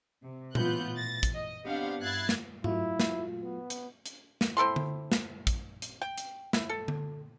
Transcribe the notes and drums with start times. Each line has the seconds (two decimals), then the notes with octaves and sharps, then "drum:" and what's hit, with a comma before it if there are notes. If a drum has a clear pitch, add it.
0.22 C3
0.55 A2 E3 B3 F4 F#6 G6, drum: tom A#2
0.94 E3 A6 A#6
1.23 drum: kick, hi-hat
1.32 D#5
1.64 B3 C4 D4 G4 F5 F#5
2.00 G2 E4 F#6 G#6 A6 C7
2.29 drum: snare
2.64 F#3 A3 E4 F4, drum: tom G#2
3.00 drum: snare
3.43 B3
3.70 drum: hi-hat
4.06 drum: hi-hat
4.41 drum: snare
4.57 C4 E4 A4 C6
4.76 drum: tom D3
5.12 drum: snare
5.47 drum: kick, hi-hat
5.82 drum: hi-hat
6.02 G5
6.18 drum: hi-hat
6.53 E4, drum: snare
6.69 A4
6.88 drum: tom D3